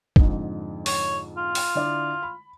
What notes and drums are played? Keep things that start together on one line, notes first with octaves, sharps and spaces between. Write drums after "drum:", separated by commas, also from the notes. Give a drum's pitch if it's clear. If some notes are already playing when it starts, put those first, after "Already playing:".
F2 G#2 D3, drum: kick
C#5, drum: open hi-hat
F4
drum: open hi-hat
D3 E4 D5
B5